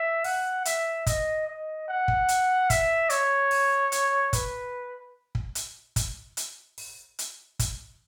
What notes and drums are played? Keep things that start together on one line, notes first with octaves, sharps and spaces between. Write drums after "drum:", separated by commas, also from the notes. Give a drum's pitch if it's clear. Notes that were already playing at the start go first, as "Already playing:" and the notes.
Already playing: E5
F#5, drum: open hi-hat
E5, drum: hi-hat
D#5, drum: kick, hi-hat
D#5
F#5
drum: kick
drum: hi-hat
E5, drum: kick, hi-hat
C#5, drum: hi-hat
drum: open hi-hat
drum: hi-hat
B4, drum: kick, hi-hat
drum: kick
drum: hi-hat
drum: kick, hi-hat
drum: hi-hat
drum: open hi-hat
drum: hi-hat
drum: kick, hi-hat